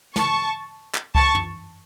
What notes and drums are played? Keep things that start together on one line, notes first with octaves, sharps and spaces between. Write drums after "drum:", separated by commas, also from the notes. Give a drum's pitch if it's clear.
A5 C#6, drum: snare
drum: clap
A5 C#6, drum: kick C#2
drum: tom